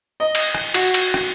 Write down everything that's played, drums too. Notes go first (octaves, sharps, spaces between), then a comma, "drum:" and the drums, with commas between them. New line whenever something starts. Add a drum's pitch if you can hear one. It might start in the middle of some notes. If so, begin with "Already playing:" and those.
D#5
drum: cymbal
drum: rim click
F#4, drum: cymbal
drum: cymbal
drum: rim click